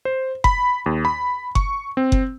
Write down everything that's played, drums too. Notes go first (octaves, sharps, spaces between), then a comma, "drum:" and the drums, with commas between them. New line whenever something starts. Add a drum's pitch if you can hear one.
C5
B5, drum: kick F#1
D#2
B5
C#6, drum: kick F#1
C4
drum: kick F#1